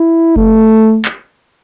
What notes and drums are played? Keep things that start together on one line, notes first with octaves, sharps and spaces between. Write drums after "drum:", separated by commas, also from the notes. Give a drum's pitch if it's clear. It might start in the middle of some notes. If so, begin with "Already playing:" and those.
Already playing: E4
A3, drum: kick F#1
drum: clap